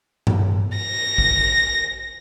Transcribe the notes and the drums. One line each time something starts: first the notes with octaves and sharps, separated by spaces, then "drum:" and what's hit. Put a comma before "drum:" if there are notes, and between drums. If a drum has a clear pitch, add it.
drum: tom G2
A#6
drum: kick